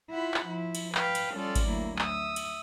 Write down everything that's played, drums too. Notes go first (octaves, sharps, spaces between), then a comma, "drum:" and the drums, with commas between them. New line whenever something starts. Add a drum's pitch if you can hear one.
E4 F4 F#5 B5
drum: clap
F3 E4
drum: cymbal
B4 F5 G5, drum: clap
drum: cymbal
G3 C#4 F4 A4 D5
drum: kick G#1, cymbal
D2 F#3 A#3 E4
E5 D#6 E6, drum: clap
drum: cymbal